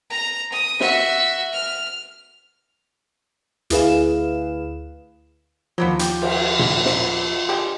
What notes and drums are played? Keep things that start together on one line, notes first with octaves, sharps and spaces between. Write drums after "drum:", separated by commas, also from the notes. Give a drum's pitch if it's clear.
A#5
D#6
F#4 E5, drum: snare
F6
D2 E4 G#4 B4 F5 E7, drum: hi-hat
D#2 F3 F#3 A#3 B3 F4
G4, drum: hi-hat
drum: cymbal
drum: tom A#2
drum: snare
D3 G#3 G4